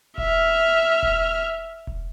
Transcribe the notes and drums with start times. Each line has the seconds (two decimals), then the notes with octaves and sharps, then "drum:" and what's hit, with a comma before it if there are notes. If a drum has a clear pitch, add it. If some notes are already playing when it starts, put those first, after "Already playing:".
0.18 E5 F6, drum: kick E1
1.03 drum: kick E1
1.87 drum: kick E1